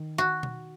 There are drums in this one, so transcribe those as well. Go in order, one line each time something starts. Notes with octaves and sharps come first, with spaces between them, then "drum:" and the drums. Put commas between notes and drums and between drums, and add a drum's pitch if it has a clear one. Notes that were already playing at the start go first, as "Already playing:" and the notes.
Already playing: D#3
F#4
drum: tom B2